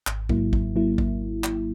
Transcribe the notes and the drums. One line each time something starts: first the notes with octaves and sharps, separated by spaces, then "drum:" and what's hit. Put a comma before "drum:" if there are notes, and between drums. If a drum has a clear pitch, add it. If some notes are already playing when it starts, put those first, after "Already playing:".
G#1, drum: clap
G#2 F#3 A#3 E4, drum: kick G#1
G#1, drum: kick G#1
F#3 A#3 E4
drum: kick G#1
drum: clap